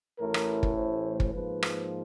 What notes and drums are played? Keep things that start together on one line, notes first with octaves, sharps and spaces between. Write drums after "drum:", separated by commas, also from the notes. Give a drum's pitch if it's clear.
A1 A2 E3 A#4
drum: rim click
drum: kick
C5
drum: kick
G#2 F3 A#3 B4
drum: rim click